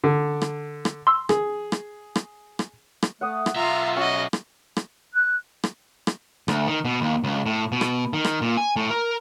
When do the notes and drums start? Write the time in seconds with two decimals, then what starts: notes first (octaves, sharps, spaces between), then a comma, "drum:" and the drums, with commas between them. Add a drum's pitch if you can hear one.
0.04 D3
0.42 drum: rim click
0.85 drum: rim click
1.07 C6 E6
1.29 G#4, drum: rim click
1.72 drum: rim click
2.16 drum: rim click
2.59 drum: rim click
3.03 drum: rim click
3.21 A3 F#5 D#6
3.46 drum: rim click
3.56 B1 F4 E5 A#5 C6 E6
3.96 C#4 F#4 D#5
4.33 drum: rim click
4.77 drum: rim click
5.13 F#6
5.64 drum: rim click
6.07 drum: rim click
6.48 D2, drum: rim click
6.67 D#3
6.85 B2
7.01 D#2
7.24 C#2
7.46 A2
7.72 B2
7.81 drum: rim click
8.13 D#3
8.25 drum: rim click
8.41 A#2
8.57 G#5
8.76 A2
8.90 A#4